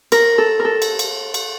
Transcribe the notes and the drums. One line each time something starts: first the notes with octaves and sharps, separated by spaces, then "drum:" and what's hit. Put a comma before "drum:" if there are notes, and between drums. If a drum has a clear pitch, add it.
A#4, drum: cymbal
A4
A#4
A4
drum: cymbal
drum: cymbal
drum: cymbal